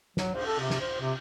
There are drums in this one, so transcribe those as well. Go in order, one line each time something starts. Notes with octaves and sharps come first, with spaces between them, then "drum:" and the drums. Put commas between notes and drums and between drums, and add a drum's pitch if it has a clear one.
F#3, drum: snare
C5, drum: cymbal
A4
C3
drum: snare
C5
C3